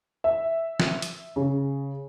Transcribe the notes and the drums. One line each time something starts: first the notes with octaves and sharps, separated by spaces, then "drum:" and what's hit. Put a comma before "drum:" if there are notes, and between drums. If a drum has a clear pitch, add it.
E5
drum: snare
drum: hi-hat
C#3